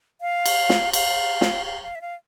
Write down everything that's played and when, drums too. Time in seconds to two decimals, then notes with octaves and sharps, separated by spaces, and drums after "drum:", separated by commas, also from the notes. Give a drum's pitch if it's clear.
0.21 F5
0.46 drum: cymbal
0.69 drum: snare
0.93 F5, drum: cymbal
1.41 drum: snare
1.65 F5
1.83 F5
1.95 E5
2.01 F5